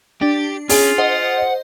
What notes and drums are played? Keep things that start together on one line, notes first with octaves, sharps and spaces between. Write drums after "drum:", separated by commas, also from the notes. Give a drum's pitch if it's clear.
D4 G4
C#4 F4 G#4, drum: open hi-hat
C5 D#5 F#5